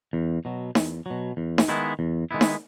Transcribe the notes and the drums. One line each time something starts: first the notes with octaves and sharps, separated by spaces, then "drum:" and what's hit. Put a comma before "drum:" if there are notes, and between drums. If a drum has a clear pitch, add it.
E2
B2 F#3
E2, drum: snare D#4
B2 F#3
E2
drum: snare D#4
D#3 G#3 B3 E4
E2
D#3 G#3 B3 E4
drum: snare D#4